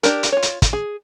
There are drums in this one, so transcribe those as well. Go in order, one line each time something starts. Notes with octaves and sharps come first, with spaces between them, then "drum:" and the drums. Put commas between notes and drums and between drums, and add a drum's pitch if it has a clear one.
D4 G4 A#4, drum: hi-hat
drum: hi-hat
F4 C#5
drum: hi-hat
drum: kick, hi-hat
G#4